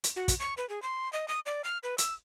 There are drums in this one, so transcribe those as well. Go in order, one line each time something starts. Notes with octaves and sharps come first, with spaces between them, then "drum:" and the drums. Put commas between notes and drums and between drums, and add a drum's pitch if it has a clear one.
drum: hi-hat
F#4
drum: kick, hi-hat
C#6
B4
G#4
C6
D#5
D#6
D5
F6
B4
E6, drum: hi-hat